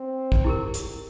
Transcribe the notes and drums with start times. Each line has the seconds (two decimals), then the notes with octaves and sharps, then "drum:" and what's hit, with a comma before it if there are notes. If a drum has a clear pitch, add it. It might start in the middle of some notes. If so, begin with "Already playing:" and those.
Already playing: C4
0.32 drum: kick
0.44 E4 G4 A#4
0.74 drum: hi-hat